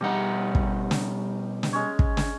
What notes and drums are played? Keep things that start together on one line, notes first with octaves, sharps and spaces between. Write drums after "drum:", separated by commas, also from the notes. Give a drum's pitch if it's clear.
B2 G3 D#4 G4 F#5
drum: kick
drum: snare
drum: snare
G#3 C#4 C#5
drum: kick
drum: snare